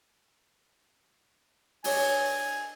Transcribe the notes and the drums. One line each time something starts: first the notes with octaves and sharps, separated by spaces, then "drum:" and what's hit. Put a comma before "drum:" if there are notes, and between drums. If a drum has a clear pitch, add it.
D4 C#5 D#5 G#5, drum: open hi-hat